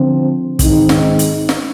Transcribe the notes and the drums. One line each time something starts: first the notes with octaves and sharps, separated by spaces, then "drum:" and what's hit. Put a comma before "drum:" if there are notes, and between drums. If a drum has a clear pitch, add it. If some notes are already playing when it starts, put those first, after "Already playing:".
Already playing: D3 F3 C4
G#2 D#3 G#3 C4 D#4, drum: kick, hi-hat
drum: snare
drum: hi-hat
drum: snare